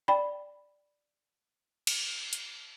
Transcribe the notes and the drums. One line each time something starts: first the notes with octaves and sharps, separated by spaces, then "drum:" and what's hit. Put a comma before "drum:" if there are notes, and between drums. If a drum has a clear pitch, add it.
D5 G5 B5
drum: cymbal
drum: hi-hat